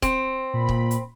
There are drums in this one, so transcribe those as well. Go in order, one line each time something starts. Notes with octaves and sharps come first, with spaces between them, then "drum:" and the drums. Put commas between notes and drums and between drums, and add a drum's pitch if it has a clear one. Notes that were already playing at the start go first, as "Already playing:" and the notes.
C4, drum: kick, hi-hat
A#2 B5
drum: kick
drum: hi-hat